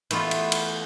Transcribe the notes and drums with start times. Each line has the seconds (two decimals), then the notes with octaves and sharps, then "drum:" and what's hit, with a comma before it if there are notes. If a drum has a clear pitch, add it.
0.11 E3 A3 B3 F4, drum: cymbal
0.31 drum: cymbal
0.52 drum: cymbal